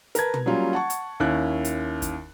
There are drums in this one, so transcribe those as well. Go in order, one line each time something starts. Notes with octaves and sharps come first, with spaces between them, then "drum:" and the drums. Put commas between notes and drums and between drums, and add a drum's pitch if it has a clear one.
A#4 B4 A5 G#6, drum: hi-hat
drum: tom
F#3 G3 A#3 C#4 F4
F#5 A5 C#6
drum: hi-hat
D#2 D#3 C#4 E4 F#6
drum: hi-hat
drum: kick, hi-hat